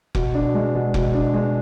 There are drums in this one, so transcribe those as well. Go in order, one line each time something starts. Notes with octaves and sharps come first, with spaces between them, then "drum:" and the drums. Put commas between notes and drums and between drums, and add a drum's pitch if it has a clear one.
B2, drum: kick F1
D4
G#3
B2
B2, drum: kick F1
D4
G#3